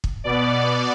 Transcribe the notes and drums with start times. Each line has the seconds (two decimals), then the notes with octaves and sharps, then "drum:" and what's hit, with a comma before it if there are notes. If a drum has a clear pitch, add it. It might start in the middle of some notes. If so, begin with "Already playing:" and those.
0.04 drum: kick
0.24 B2 B3 D5